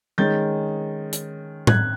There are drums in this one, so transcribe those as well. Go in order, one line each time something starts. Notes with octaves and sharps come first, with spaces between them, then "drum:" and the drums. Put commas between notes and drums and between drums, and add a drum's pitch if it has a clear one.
D#3 G#3 C#4 G6 A6
drum: hi-hat
F#6 G#6, drum: tom A2